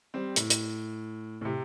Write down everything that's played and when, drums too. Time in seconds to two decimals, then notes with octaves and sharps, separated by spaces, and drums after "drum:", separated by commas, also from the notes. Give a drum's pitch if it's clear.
0.14 G3 C4
0.36 A2, drum: hi-hat
0.50 drum: hi-hat
1.41 A2
1.45 C3